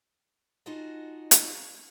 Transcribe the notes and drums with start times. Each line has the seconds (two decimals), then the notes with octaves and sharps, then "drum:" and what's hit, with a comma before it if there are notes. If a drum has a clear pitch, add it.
0.66 D#4 F4 F#4 G#4 D#5 A5
1.31 drum: hi-hat